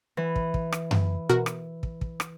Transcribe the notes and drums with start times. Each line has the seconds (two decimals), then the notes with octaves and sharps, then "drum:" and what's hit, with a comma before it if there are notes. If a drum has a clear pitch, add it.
0.17 E3
0.36 drum: kick
0.54 drum: kick
0.72 drum: rim click
0.91 drum: tom F#2
1.29 B2 F#4 A#4
1.46 drum: rim click
1.83 drum: kick
2.01 drum: kick
2.20 drum: rim click